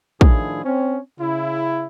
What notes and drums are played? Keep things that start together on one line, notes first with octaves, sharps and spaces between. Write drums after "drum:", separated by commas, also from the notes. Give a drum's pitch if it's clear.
A2 D#3 F3 D4 E4 G#4, drum: kick
C4 C#4
C#3 E4